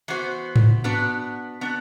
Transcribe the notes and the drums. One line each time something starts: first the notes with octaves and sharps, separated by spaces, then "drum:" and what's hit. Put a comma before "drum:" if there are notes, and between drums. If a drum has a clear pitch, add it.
E3 B3 F#4 C5
drum: tom G#2
B3 D4 F#4 B4
B3 D4 F#4 B4